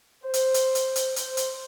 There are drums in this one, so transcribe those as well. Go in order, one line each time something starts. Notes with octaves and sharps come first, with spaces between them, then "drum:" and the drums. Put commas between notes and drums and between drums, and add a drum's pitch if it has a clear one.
C5
drum: hi-hat
drum: hi-hat
drum: hi-hat
drum: hi-hat
C5, drum: hi-hat
drum: hi-hat